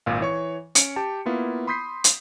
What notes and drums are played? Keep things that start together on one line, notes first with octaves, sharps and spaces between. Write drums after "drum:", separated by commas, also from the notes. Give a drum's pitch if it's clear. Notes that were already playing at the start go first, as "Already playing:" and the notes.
G#1 A#2 F5
E3 C#5 C#6
C#4 C#7 D7, drum: hi-hat
G4 G5 A5
A#3 B3 E4 F4
B5 C6 D#6 G6 B6 C7
drum: hi-hat